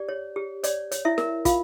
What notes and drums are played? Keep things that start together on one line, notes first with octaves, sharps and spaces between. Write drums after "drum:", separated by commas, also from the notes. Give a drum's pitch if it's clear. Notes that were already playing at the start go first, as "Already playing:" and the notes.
Already playing: G4 D5
C#5
G4
C#5 D5, drum: hi-hat
C#5, drum: hi-hat
E4 E5
A#4, drum: snare
F4 F5, drum: kick, hi-hat